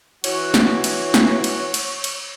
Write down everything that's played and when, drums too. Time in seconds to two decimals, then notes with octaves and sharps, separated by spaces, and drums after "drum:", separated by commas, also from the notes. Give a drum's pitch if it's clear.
0.24 E3 F#4 C#5, drum: cymbal
0.54 drum: snare
0.84 drum: cymbal
1.14 drum: snare
1.44 drum: cymbal
1.74 drum: cymbal
2.04 drum: cymbal